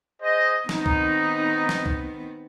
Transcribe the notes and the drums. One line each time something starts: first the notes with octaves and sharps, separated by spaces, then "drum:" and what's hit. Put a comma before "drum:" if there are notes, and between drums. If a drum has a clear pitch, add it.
G#4 C5 D#5
D#3 B3 C4 D#4, drum: snare
drum: kick C2
drum: snare
drum: kick C2